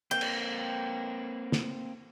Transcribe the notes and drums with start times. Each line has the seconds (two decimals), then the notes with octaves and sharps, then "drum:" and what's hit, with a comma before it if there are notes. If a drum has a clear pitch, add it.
0.11 A#3 C4 G5
0.21 drum: cymbal
1.52 drum: snare